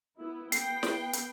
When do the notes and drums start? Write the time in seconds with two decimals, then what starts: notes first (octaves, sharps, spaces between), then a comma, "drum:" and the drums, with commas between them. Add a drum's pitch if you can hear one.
0.19 B3 E4
0.52 B3 G5 C7, drum: hi-hat
0.83 drum: snare
1.13 drum: hi-hat